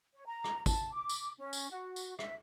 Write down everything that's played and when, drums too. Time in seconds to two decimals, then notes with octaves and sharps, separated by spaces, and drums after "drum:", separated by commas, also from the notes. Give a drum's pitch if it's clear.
0.13 C#5
0.26 A#5
0.44 drum: rim click
0.66 A5, drum: kick, tambourine
0.93 D6
1.09 drum: tambourine
1.38 C#4
1.53 drum: tambourine
1.70 F#4
1.96 drum: tambourine
2.19 E5, drum: rim click